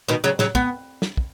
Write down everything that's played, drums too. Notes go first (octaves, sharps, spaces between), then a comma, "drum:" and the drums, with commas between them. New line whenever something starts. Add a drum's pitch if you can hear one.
B2 D#3
C#3 F#3
C#3 F#3, drum: snare
B3, drum: kick
drum: snare
drum: kick